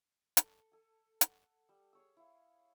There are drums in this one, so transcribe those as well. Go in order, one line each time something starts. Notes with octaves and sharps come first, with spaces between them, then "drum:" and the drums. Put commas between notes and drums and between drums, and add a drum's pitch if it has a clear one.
A4, drum: hi-hat
A4 G#5
F#5, drum: hi-hat
G3 E6
G#4 C#5 E6
E4 F5